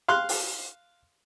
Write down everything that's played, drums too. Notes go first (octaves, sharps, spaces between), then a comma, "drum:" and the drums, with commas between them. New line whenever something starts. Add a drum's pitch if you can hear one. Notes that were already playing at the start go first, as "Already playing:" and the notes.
F5 C6 F6 F#6
drum: open hi-hat